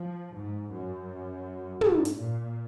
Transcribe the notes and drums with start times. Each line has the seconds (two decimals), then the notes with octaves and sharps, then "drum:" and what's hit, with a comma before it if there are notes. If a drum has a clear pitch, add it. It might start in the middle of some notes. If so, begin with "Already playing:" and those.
Already playing: F3
0.35 G#2
0.73 F#2
1.81 G#2, drum: tom
2.05 drum: hi-hat
2.17 A#2